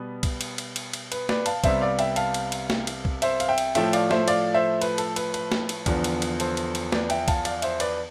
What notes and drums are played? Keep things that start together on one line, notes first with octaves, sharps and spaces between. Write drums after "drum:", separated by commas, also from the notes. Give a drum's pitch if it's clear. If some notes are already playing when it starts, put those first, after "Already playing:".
Already playing: B2 G3 B3 B4
drum: kick B1, cymbal
drum: cymbal
drum: cymbal
drum: cymbal
drum: cymbal
B4, drum: cymbal
B4 D5, drum: snare
F5 A5, drum: cymbal
C2 C3 G3 B3 C5 E5, drum: kick B1, cymbal
D5 F5
E5 G5, drum: cymbal
F5 A5, drum: cymbal
drum: cymbal
drum: cymbal
drum: snare
drum: cymbal
drum: kick B1
C5 E5, drum: cymbal
F5, drum: cymbal
E5 G5
drum: cymbal
A2 F3 A3 E5 G5, drum: cymbal
D5 F5, drum: cymbal
C5 E5, drum: snare
D5 F5, drum: cymbal
C5 E5
B4, drum: cymbal
A4, drum: cymbal
B4, drum: cymbal
B4, drum: cymbal
drum: snare
drum: cymbal
E2 D3 F3 B3, drum: kick B1, cymbal
drum: cymbal
drum: cymbal
A4 C5, drum: cymbal
drum: cymbal
drum: cymbal
B4 D5, drum: snare
E5 G5, drum: cymbal
F5 A5, drum: kick B1, cymbal
D5 F5, drum: cymbal
C5 E5, drum: cymbal
B4 D5, drum: cymbal